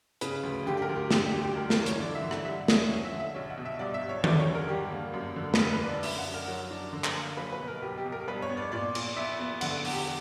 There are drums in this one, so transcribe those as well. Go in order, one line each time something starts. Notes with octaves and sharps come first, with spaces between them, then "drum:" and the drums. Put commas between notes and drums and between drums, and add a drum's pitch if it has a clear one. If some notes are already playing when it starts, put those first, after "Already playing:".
C#3 B4, drum: hi-hat
D2
D3 G4
G4
A#4
D2
G4
D3 G4, drum: snare
G4
D2
G4
G2 A#4
A#4, drum: snare
E3
C#5, drum: hi-hat
D3 D5
E5
D3
F#5, drum: rim click
G2 E5
C#4, drum: snare
E5
C#4 F#5
E5
D3
E5
B1 C#5
F#5
B2
E5
G2 D5
E5
G2
C#5
D3 D5, drum: tom D#3
C#5
E1
A#4
G2 G4
A#3
F#2
D3
B4, drum: snare
A#1 A#4
B4
D4
D5
F#2 E5, drum: open hi-hat
F#5
F#2
A#4
F#3
D4
D3
drum: clap
A#3
F#3 B4
B4
B2
A#4
B1 G4
G4
B2
A#4
G2 B4
C#5
B3
D5
A#2 D5
A#2, drum: cymbal
B3 E5
B3
D3 F#5, drum: cymbal
F#5
E2, drum: open hi-hat
G4